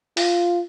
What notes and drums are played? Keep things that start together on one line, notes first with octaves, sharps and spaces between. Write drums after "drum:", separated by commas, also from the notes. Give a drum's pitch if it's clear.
F4, drum: open hi-hat